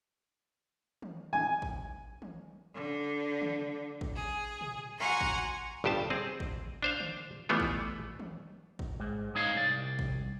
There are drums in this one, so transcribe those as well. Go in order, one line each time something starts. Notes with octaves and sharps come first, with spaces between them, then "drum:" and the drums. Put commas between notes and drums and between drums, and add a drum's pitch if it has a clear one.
drum: tom
G#5
drum: kick
drum: tom
D3
drum: tom
drum: kick
G#4
drum: tom
F#4 F#5 G#5 A#5 C6 C#6
drum: kick
G1 G2 G4 C5 A5
C4 G#4
drum: kick
D4 C5 F5
drum: tom
E3 G3 A3 B3 F4
drum: kick
drum: tom
drum: kick
G#2
G#3 D#4 C#5 F5
C2 D5
drum: kick